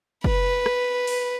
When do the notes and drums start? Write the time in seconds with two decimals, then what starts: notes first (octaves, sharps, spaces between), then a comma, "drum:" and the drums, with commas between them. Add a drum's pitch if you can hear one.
0.24 B4, drum: kick F#1
0.66 drum: rim click
1.07 drum: open hi-hat